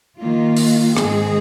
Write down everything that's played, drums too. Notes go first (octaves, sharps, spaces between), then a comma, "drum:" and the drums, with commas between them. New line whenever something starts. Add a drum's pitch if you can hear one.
D#3 A#3 F4
drum: open hi-hat
G#2 D#3 G#3 C4 G#4, drum: rim click